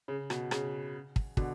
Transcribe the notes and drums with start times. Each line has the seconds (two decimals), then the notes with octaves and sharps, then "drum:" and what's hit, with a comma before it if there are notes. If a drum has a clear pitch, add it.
0.08 C#3
0.30 B2, drum: rim click
0.51 C#3, drum: rim click
1.16 drum: kick
1.37 B2 D3, drum: kick